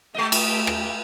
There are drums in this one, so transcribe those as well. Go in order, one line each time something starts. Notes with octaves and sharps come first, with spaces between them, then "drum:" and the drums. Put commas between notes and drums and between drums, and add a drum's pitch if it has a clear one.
G#3 A3 G4 D#5
drum: cymbal
drum: rim click